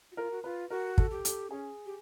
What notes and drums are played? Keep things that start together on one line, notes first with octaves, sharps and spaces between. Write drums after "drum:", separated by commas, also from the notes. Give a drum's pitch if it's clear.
F#4
F4 A#4
F#4
F4 B4
F#4 A#4
A4, drum: kick
G4
A4, drum: hi-hat
C#4 G#4
G4